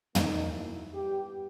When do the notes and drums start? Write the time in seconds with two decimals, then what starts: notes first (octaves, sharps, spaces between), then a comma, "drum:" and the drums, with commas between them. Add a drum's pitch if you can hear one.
0.15 B2 A#3 D#4, drum: tom
0.54 E4
0.93 G2 G3 B3 G4